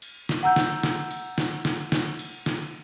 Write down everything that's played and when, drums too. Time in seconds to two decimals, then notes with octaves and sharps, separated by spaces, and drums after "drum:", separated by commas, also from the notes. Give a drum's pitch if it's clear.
0.02 drum: cymbal
0.29 drum: snare
0.43 F#5 A#5 E6 G6
0.56 drum: snare
0.83 drum: snare
1.11 drum: cymbal
1.38 drum: snare
1.65 drum: snare
1.92 drum: snare
2.19 drum: cymbal
2.46 drum: snare